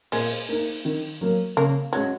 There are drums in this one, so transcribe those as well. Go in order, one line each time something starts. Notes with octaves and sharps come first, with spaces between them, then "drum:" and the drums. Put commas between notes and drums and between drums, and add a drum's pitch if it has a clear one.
A#2 G#3, drum: open hi-hat
A#3 D#4
D#3
F#3 A#3
C#3 A#3
F#3 G#3 C#4